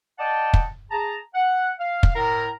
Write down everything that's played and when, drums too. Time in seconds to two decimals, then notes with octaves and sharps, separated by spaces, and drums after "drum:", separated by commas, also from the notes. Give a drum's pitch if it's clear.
0.18 D5 D#5 F#5 G5 A5
0.54 drum: kick
0.91 G#4 A5 A#5
1.34 F#5
1.79 F5
2.03 drum: kick
2.16 A2 A#4 A#5